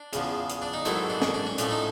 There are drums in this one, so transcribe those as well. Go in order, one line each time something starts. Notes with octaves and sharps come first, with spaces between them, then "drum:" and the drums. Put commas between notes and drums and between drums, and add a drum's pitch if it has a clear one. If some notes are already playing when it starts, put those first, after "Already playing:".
Already playing: D4
E2 C#3 F3, drum: hi-hat
drum: hi-hat
D4
D#4
G#2 D#3 F#3 A3 C4 E4, drum: hi-hat
D4
C#4, drum: snare
D4
C#4
A2 F3 A3 C#4 D4, drum: hi-hat
D#4